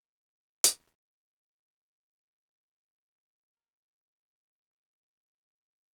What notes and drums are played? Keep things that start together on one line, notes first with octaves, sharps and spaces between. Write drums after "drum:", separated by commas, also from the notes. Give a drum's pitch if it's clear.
G#3 A#3 A#4 C5 D#5
drum: hi-hat
G#2 F#4 B5
A4 A#5 F6